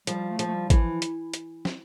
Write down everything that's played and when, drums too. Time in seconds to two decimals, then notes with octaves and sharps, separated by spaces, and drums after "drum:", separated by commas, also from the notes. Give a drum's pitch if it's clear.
0.07 F3 G3, drum: hi-hat
0.31 A3
0.39 F3, drum: hi-hat
0.47 A3
0.54 G3
0.70 E3, drum: kick, hi-hat
0.78 F3
1.02 drum: hi-hat
1.34 drum: hi-hat
1.65 drum: snare